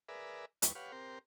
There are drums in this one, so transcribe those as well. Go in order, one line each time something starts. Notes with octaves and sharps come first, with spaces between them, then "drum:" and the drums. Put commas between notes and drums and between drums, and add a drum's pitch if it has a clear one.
G#4 A#4 B4 D5 E5
D#2 G3 B4 C#6, drum: hi-hat
G4 B4 C#5 F5 F#5
C4 G4 A#4 C5